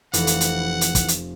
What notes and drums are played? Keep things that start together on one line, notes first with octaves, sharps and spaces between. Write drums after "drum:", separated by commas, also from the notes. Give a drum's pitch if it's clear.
F1 E3 F#5, drum: hi-hat
drum: hi-hat
drum: hi-hat
drum: hi-hat
drum: kick, hi-hat
drum: hi-hat